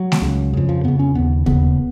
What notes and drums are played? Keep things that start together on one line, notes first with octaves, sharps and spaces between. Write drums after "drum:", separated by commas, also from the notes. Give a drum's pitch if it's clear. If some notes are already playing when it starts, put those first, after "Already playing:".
Already playing: F#3
drum: snare A3
C#2 C#3
F2 C#3
F3
F2 C#3 B3
C#4
D#2 C#3 B3
D#2 C#3 B3, drum: kick D#2